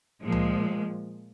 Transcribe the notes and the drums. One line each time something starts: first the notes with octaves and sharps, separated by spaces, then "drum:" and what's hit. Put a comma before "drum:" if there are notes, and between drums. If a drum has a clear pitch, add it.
A#2 F3 G#3
drum: tom C#2